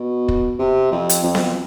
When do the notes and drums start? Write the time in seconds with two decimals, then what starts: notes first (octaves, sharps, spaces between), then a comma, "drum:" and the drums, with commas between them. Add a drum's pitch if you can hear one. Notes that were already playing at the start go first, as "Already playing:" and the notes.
Already playing: B2
0.28 drum: kick
0.59 C3
0.92 F2
1.09 drum: hi-hat
1.23 F2
1.35 drum: snare B3